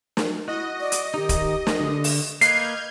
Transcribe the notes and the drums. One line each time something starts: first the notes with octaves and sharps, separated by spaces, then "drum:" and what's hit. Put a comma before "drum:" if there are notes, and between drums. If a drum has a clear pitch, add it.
drum: snare
E4 F#4 D#5
D5
drum: hi-hat
D#3 D#4 G4
drum: kick, hi-hat
drum: snare
D3
drum: open hi-hat
A#3 B4 D#5 F6 G6 G#6 C7, drum: hi-hat